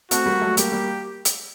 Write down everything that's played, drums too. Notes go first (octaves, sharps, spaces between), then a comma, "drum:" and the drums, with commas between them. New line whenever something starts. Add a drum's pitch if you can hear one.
A3 C4 F#4, drum: hi-hat
G3 A#3
F#3 A3
G3 A#3 G4, drum: hi-hat
G3 A#3
drum: hi-hat